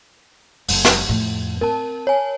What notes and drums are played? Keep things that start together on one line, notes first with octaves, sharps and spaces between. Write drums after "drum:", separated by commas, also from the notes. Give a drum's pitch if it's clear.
F#1 F#2, drum: open hi-hat
drum: snare
F2 A2
C4 A#4 A5
C#5 G#5